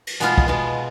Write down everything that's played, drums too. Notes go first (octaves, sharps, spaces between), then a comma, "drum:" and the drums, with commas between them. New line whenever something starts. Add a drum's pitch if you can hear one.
drum: cymbal
B2 G#3 B3 F4, drum: hi-hat
drum: kick
B2 G#3 B3 F4